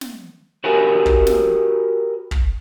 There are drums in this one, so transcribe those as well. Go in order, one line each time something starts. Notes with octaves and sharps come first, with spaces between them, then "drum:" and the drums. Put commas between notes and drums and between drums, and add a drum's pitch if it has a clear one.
drum: snare
F#4 G4 A#4 B4 F#5 G#5
drum: kick
drum: snare
drum: kick